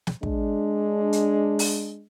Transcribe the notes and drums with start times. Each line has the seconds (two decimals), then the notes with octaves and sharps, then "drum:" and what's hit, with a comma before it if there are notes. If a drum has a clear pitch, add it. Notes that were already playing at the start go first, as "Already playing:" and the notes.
0.07 drum: snare
0.23 G#3 D4, drum: kick
1.13 drum: hi-hat
1.59 drum: open hi-hat